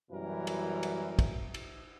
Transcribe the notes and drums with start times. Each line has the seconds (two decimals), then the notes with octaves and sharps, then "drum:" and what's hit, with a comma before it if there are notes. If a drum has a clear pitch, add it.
0.11 F#2 B2 E3 G3 A#4
0.47 drum: cymbal
0.83 drum: cymbal
1.19 drum: kick, cymbal
1.54 drum: cymbal